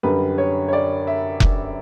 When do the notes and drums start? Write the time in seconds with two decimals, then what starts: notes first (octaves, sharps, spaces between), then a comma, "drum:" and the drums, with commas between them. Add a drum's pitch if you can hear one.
0.03 F#2 D3 G3 B4
0.38 C#5
0.68 C#5
0.73 D5
1.07 E5
1.40 drum: kick F1